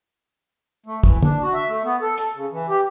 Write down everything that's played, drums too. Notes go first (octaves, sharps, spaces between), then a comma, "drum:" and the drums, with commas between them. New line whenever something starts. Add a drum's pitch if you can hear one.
A3
E3, drum: kick
D4, drum: tom
F#4
E5
A3
B3
A4
A4, drum: hi-hat
C#3
E3
G4